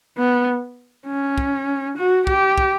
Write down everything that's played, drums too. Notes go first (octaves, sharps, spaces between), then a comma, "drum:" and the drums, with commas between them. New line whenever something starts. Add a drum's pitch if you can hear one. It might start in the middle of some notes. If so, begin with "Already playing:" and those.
B3
C#4
drum: kick
F#4
G4, drum: kick
drum: kick